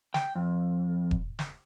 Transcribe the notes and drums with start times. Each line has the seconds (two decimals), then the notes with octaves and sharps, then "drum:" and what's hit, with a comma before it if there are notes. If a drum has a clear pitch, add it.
0.14 G5, drum: snare
0.35 F2
1.11 drum: kick E1
1.39 drum: snare